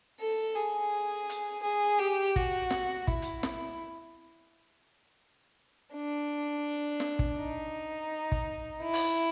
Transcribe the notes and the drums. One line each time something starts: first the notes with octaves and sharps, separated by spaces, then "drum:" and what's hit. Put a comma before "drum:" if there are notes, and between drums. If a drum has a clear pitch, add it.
A4
G#4
drum: hi-hat
G#4
G4
F#4, drum: kick
drum: snare
E4, drum: kick
drum: hi-hat
drum: snare
D4
drum: snare
drum: kick
D#4
drum: kick
E4
drum: open hi-hat